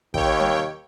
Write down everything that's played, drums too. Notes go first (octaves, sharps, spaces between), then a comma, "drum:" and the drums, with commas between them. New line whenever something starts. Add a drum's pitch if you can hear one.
D#2 C#5 G5, drum: kick
drum: tom G3